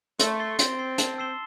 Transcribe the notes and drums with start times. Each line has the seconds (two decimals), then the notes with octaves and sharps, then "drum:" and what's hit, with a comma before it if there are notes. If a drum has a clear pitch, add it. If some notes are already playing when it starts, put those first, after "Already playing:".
0.19 A3 C6, drum: hi-hat
0.40 A6 C7 G7
0.59 C4 C6, drum: hi-hat
0.79 A6 C7 G7
0.98 A5, drum: hi-hat
1.18 E6 C7 E7 G7